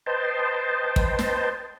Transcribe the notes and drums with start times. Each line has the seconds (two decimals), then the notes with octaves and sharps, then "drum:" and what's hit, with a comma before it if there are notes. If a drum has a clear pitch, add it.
0.06 B4 C5 D#5 G5 A5 C6
0.96 drum: kick
1.19 drum: snare